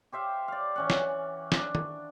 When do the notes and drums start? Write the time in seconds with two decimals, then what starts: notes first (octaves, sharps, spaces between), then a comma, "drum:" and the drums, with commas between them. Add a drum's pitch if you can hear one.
0.12 G4 C5 E5 F5
0.48 D5 F5
0.76 E3 C#4 F#5
0.90 drum: snare
1.52 D4, drum: snare
1.75 drum: tom